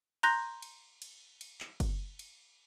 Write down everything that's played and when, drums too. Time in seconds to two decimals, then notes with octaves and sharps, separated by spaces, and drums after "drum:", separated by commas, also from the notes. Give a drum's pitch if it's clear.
0.23 A#5 C6 F#6 G6 A#6, drum: cymbal
0.62 drum: cymbal
1.02 drum: cymbal
1.41 drum: cymbal
1.60 drum: clap
1.80 drum: kick F#1, cymbal
2.19 drum: cymbal